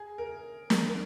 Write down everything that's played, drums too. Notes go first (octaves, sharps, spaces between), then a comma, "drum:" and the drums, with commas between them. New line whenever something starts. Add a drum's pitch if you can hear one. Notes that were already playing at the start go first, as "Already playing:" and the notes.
Already playing: G#4
A#4
A#4, drum: snare
A#4